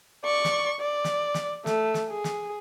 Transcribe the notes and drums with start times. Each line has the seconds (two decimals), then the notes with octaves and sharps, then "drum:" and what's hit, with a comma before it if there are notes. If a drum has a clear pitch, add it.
0.24 D5 C#6
0.44 drum: snare
0.80 D5
1.04 drum: snare
1.34 drum: snare
1.66 A3, drum: snare
1.94 drum: snare
2.09 G#4
2.24 drum: snare